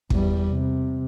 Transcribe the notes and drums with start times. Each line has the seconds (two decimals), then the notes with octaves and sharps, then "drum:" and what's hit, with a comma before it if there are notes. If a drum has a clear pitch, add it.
0.10 E2 G3, drum: kick
0.50 C3